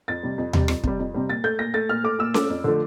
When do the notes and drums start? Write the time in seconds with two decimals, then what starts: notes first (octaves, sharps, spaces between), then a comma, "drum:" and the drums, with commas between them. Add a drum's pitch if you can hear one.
0.08 F2 A6
0.23 C3 G3
0.38 F2
0.53 C3 G3, drum: tom D#2
0.68 F2, drum: rim click
0.84 C3 G3, drum: kick
0.99 F2
1.14 C3 G3
1.29 A#2 A6
1.44 A3 G6
1.59 A#2 A#6
1.74 A3 A6
1.89 A#2 F6
2.04 A3 D6
2.19 A#2 E6
2.34 A3 D6, drum: snare C#4
2.50 F2
2.64 D3 F3 A3